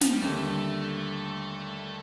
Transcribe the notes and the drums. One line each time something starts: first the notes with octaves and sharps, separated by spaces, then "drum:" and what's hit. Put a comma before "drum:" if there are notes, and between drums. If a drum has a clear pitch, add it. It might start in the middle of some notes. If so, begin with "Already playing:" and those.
F3, drum: snare
G3
D#2 D3 G3 A3